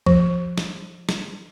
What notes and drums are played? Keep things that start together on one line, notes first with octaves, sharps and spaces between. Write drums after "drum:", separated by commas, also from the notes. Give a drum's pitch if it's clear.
F3, drum: kick C#2
drum: snare
drum: snare